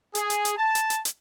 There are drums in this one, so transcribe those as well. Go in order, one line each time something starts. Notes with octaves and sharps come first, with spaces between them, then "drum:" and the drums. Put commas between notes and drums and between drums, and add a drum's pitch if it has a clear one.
G#4, drum: hi-hat
drum: hi-hat
drum: hi-hat
A5
drum: hi-hat
drum: hi-hat
drum: hi-hat